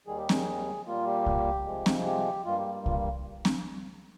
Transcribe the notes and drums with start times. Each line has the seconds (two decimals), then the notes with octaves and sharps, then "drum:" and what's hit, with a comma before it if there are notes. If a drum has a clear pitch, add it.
0.07 D#2 D#3 G3 G#4
0.17 G4
0.29 G#4, drum: snare C4
0.87 A#2 G3 A#3 F4
1.06 G4
1.26 drum: kick C2
1.66 C3 F3 G#3
1.86 drum: snare C4
2.06 G4
2.45 G2 G3 A#3 F4
2.58 G4
2.86 F4, drum: kick C2
3.45 drum: snare C4